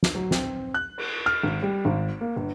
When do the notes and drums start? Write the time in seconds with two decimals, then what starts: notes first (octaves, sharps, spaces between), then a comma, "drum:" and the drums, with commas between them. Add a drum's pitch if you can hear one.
0.03 drum: snare
0.15 F#3
0.31 C4, drum: snare
0.74 F#6
0.98 drum: cymbal
1.26 F6
1.43 G#1
1.63 G3
1.85 G#1
2.21 A#3
2.36 G1